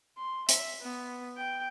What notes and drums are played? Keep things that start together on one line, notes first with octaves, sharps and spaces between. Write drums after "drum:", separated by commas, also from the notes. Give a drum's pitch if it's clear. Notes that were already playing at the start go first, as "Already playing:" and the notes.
C6
E5, drum: hi-hat
B3
G5